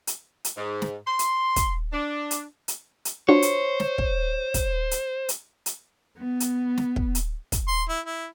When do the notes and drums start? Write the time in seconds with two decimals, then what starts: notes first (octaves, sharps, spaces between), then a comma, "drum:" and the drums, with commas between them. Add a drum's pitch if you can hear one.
0.07 drum: hi-hat
0.44 drum: hi-hat
0.56 G#2
0.82 drum: snare
1.06 C6
1.19 drum: hi-hat
1.56 drum: kick, hi-hat
1.93 D4
2.31 drum: hi-hat
2.68 drum: hi-hat
3.05 drum: hi-hat
3.29 D4 F4 F#4 C5 C#5
3.42 drum: hi-hat
3.80 drum: snare
3.98 drum: kick
4.54 drum: kick, hi-hat
4.91 drum: hi-hat
5.29 drum: hi-hat
5.66 drum: hi-hat
6.18 B3
6.40 drum: hi-hat
6.78 drum: snare
6.96 drum: kick
7.15 drum: hi-hat
7.52 drum: kick, hi-hat
7.68 C6
7.89 E4
8.06 E4